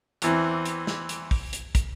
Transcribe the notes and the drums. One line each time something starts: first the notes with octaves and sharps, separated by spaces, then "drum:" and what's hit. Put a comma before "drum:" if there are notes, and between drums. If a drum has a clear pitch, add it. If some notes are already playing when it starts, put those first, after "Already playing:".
E2 E3 C4, drum: hi-hat
drum: hi-hat
drum: snare
drum: hi-hat
drum: kick, open hi-hat
drum: hi-hat
drum: kick, hi-hat